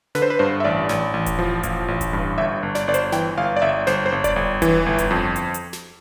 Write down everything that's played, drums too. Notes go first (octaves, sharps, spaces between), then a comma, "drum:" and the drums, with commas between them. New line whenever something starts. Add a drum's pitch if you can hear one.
D3 B4, drum: snare
C5
B4
G2 C5
E5
A1 D5
A1, drum: snare
A1
drum: kick E1, hi-hat
F3
A1, drum: kick E1, hi-hat
A1
drum: kick E1, hi-hat
G2
G1 E5
G1
D5, drum: snare
G1 D5
C5, drum: hi-hat
E3 G5, drum: snare
G1 F5
D5
G1 E5
G1 C5, drum: snare
C5
G1
D5, drum: kick E1, hi-hat
G1
E3, drum: kick E1, hi-hat
G1
drum: kick E1, hi-hat
F2
drum: hi-hat
drum: hi-hat
drum: snare